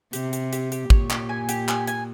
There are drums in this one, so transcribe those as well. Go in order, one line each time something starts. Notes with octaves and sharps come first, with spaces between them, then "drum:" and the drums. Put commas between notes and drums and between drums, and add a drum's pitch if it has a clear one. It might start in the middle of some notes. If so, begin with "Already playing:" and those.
C3 G4, drum: hi-hat
G4, drum: hi-hat
G4, drum: hi-hat
G4, drum: hi-hat
A#2 C#5, drum: kick
G4, drum: clap
G#5
G4, drum: hi-hat
G#5, drum: clap
G#5, drum: hi-hat